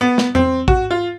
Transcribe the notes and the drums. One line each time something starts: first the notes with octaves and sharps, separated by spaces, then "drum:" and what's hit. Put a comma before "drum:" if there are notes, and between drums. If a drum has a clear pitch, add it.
B3
drum: snare
C4, drum: tom E2
F#4, drum: kick
F4